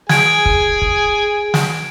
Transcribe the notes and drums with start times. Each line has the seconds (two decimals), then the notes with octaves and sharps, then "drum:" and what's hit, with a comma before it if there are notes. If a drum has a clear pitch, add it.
0.09 G#4 G#5 G#6 D7, drum: snare
0.46 drum: kick
0.82 drum: kick
1.54 drum: snare